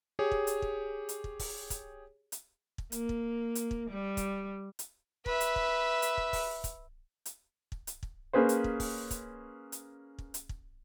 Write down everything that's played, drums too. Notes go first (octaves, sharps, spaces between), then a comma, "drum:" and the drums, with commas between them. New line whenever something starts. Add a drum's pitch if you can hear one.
G4 G#4 C#5
drum: kick
drum: hi-hat
drum: kick
drum: hi-hat
drum: kick
drum: kick, open hi-hat
drum: kick, hi-hat
drum: hi-hat
drum: kick
A#3, drum: hi-hat
drum: kick
drum: hi-hat
drum: kick
G3
drum: kick, hi-hat
drum: hi-hat
B4 E5, drum: kick
drum: hi-hat
drum: kick
drum: hi-hat
drum: kick
drum: kick, open hi-hat
drum: kick, hi-hat
drum: hi-hat
drum: kick
drum: hi-hat
drum: kick
A#3 C#4 G#4 B4 C5
drum: hi-hat
drum: kick
drum: kick, open hi-hat
drum: kick, hi-hat
drum: hi-hat
drum: kick
drum: hi-hat
drum: kick